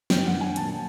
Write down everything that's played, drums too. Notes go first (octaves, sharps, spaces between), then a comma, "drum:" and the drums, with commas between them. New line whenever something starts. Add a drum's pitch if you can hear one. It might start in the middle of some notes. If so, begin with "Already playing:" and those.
F#2 D#3 G3 B3 D4 G5, drum: snare
F#5
G#5
A#2 F#3 A#3 A5, drum: hi-hat